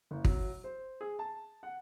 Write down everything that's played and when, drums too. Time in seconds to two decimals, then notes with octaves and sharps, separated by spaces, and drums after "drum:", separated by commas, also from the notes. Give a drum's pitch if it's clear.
0.11 F#1
0.25 F#3, drum: kick
0.64 C5
1.01 G#4
1.19 A5
1.63 F#5